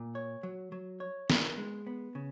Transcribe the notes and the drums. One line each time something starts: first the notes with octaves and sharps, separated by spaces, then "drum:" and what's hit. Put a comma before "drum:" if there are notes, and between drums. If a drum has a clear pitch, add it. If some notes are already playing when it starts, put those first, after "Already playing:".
Already playing: A#2
C#5
F#3
F#3
C#5
B3, drum: snare
G#3
B3
C#3